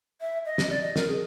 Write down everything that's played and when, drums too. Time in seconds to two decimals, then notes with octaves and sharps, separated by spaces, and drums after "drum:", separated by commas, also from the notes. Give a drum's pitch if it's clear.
0.21 E5
0.46 D#5
0.58 drum: snare
0.70 D5
0.82 D#5
0.96 A#4, drum: snare
1.08 G#4